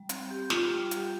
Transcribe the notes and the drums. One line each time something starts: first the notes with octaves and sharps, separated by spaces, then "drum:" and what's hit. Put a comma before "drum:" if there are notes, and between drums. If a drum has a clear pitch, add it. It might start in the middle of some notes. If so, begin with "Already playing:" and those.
Already playing: G3
C4, drum: hi-hat
G4
F4, drum: snare
G3
G4, drum: hi-hat